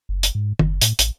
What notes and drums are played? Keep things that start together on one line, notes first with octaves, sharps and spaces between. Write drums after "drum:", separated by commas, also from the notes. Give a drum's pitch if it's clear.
F#1
drum: hi-hat
G#2
F#1, drum: tom
A2, drum: hi-hat
A1, drum: hi-hat